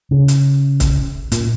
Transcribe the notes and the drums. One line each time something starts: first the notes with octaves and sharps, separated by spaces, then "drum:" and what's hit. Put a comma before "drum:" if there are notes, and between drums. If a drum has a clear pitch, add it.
C#3
drum: hi-hat
drum: kick, hi-hat
A#2, drum: hi-hat